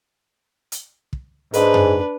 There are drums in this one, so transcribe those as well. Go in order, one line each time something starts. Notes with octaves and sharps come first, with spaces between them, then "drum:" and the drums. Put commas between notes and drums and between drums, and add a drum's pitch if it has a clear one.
drum: hi-hat
drum: kick
G#2 D4 B4, drum: hi-hat
drum: tom F#2